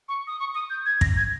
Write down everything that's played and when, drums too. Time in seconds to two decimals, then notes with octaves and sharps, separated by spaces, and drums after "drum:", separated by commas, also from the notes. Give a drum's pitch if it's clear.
0.08 C#6
0.27 D#6
0.40 C#6
0.55 D#6
0.70 G6
0.86 G#6
1.01 A#6, drum: kick
1.16 G#6